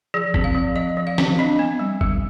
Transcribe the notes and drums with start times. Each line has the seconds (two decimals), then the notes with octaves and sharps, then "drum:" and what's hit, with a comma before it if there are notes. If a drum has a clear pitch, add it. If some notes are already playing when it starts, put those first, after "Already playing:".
0.14 F3 G#4
0.34 C4, drum: kick G1
0.44 F5
0.55 F3
0.76 F3 D#5
0.97 F3
1.07 F5
1.18 C4, drum: snare
1.39 D4 D#5
1.59 B3
1.79 G3
2.01 G3, drum: kick G1